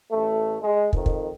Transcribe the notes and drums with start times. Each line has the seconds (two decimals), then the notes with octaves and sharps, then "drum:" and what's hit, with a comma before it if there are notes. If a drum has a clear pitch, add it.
0.12 A1 A3
0.61 G#3
0.93 F2 D#3, drum: kick
1.06 drum: kick